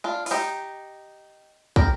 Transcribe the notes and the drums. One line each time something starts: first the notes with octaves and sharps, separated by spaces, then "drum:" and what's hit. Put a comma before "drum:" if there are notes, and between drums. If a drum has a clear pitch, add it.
D4 F4
F4, drum: open hi-hat
D#4 G4
G4 A#4, drum: kick